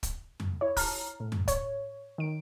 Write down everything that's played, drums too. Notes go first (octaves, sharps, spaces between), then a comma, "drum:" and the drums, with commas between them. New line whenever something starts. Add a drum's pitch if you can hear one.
drum: kick, hi-hat
drum: tom F2
E4 C#5
A5 A#5 F6, drum: kick, open hi-hat
A2
drum: tom F2
C#5, drum: kick, hi-hat
D#3 D7